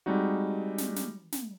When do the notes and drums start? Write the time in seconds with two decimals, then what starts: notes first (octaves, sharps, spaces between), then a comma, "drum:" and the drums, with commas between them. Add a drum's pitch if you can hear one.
0.06 G3 G#3 C4 D#4 F#4
0.78 drum: snare
0.96 drum: snare
1.32 drum: snare